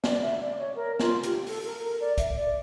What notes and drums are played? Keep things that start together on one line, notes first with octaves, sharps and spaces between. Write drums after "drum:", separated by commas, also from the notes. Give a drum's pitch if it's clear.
D5, drum: snare
E5
D5
C#5
A#4
F4, drum: snare
G4, drum: hi-hat
A4, drum: open hi-hat
A#4
A#4
D5
E5, drum: kick, hi-hat
D5